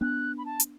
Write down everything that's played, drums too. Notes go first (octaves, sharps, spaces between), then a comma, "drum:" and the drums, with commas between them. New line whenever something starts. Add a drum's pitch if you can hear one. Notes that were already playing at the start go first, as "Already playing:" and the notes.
B3 D4 F#6
B5
A5
drum: hi-hat